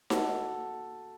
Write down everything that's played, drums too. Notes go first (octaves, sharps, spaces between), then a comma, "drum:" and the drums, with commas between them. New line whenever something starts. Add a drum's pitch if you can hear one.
F#4 A4, drum: snare D#4